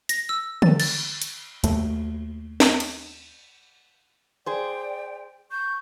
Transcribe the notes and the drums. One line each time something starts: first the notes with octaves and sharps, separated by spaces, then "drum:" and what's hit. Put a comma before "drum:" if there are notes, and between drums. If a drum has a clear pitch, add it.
A#6, drum: hi-hat
E6
A6, drum: tom D3
A6, drum: cymbal
drum: hi-hat
D#2 A3, drum: hi-hat
drum: snare
drum: cymbal
G#4 C5 D5 G5
C#6 G6